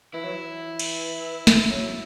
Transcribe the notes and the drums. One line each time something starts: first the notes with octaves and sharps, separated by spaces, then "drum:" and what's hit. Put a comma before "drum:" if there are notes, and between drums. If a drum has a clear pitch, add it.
E3 E4
F#3
E3
drum: cymbal
drum: snare
F#3